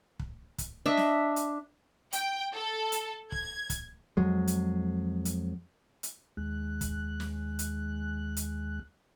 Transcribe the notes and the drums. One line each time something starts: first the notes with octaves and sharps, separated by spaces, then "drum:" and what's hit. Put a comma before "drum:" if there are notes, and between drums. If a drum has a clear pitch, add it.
drum: kick
drum: kick, hi-hat
D4 D#5 E5
drum: snare
drum: hi-hat
G5, drum: hi-hat
A4
drum: hi-hat
G#6, drum: kick
drum: kick, hi-hat
F2 F#3 G#3
drum: hi-hat
drum: hi-hat
drum: hi-hat
D#2 G#3 F#6
drum: kick, hi-hat
drum: snare
drum: hi-hat
drum: hi-hat